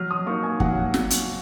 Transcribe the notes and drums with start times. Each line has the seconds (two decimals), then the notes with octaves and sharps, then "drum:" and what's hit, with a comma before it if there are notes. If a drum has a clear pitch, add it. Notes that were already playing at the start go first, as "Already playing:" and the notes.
Already playing: F#3 F6
0.11 D#6
0.26 A#3 D#4 C#6
0.43 G#5
0.60 F#3 F#5, drum: kick
0.94 drum: snare
1.10 drum: hi-hat